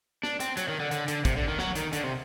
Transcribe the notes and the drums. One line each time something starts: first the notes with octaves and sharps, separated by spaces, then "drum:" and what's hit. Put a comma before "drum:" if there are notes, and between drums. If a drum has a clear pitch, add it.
D4, drum: snare
C4, drum: hi-hat
F#3, drum: hi-hat
D#3
D3
D3, drum: hi-hat
D3, drum: hi-hat
C3, drum: kick, hi-hat
D3
D#3
F#3, drum: snare
D#3, drum: hi-hat
D3, drum: hi-hat
C3